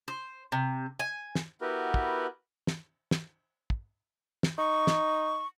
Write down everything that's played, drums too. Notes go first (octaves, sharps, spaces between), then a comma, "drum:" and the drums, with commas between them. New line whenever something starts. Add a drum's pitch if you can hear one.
C5
C3
G#5
drum: snare
B3 E4 F#4 G4 A#4 B4
drum: kick
drum: snare
drum: snare
drum: kick
drum: snare
D#4 C#6
drum: snare